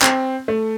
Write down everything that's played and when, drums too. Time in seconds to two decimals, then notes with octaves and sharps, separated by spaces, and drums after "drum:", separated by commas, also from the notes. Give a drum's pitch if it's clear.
0.02 C4, drum: clap
0.48 A3